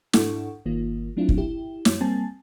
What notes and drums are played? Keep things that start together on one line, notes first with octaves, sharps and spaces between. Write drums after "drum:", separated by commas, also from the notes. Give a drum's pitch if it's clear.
G#2 D4 E4 A4 F#5 C#6, drum: snare
G1 D#3 A#3 F4
F#3 A3 C4 D4 E4 F4
drum: kick
E4 G4
F#2 C#5, drum: snare
G3 A#3 C4 G#5 A5 A6